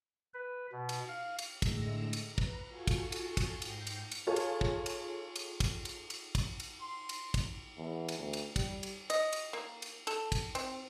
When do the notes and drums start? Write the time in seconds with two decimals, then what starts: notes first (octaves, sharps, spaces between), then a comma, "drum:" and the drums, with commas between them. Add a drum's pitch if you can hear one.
0.34 B4
0.72 B2
0.89 drum: cymbal
1.08 F5
1.39 drum: cymbal
1.62 A2 D3 G#3 A3 E6 A#6, drum: kick, cymbal
2.13 drum: cymbal
2.27 B4 A#5
2.38 drum: kick
2.70 F4 F#4 A4 G#5 C#6
2.87 drum: kick, cymbal
3.12 drum: cymbal
3.37 drum: kick, cymbal
3.62 G#2 G5 A#6 C7, drum: cymbal
3.87 drum: cymbal
4.12 drum: cymbal
4.27 F4 G#4 A4 C#5
4.36 drum: cymbal
4.61 drum: kick
4.86 drum: cymbal
5.36 drum: cymbal
5.60 drum: kick, cymbal
5.85 drum: cymbal
6.10 drum: cymbal
6.35 drum: kick, cymbal
6.60 drum: cymbal
6.81 C6
7.09 drum: cymbal
7.34 drum: kick, cymbal
7.78 E2
8.09 drum: cymbal
8.19 D2
8.33 drum: cymbal
8.56 G3, drum: kick, cymbal
8.83 drum: cymbal
9.10 D#5, drum: cymbal
9.33 drum: cymbal
9.53 A#3
9.82 drum: cymbal
10.07 A4, drum: cymbal
10.32 drum: kick, cymbal
10.55 C4, drum: cymbal